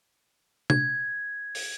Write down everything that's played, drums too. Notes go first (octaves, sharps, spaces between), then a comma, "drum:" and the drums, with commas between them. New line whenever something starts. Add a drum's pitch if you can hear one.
G#6, drum: tom C3
drum: open hi-hat